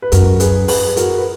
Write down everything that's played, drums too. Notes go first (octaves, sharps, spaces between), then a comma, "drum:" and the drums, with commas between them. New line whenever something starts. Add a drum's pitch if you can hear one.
B4
F#2 F#4 A#4, drum: hi-hat
G#4 B4, drum: hi-hat
G#4 B4, drum: open hi-hat
F#4 A#4, drum: hi-hat
B4